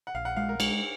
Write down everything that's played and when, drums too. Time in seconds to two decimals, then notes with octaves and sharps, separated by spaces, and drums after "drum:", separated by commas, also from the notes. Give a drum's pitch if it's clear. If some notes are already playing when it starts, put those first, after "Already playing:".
0.07 F#5
0.14 A#1 F5
0.25 F#5
0.36 G#3 F5
0.49 A#4
0.60 G#3, drum: cymbal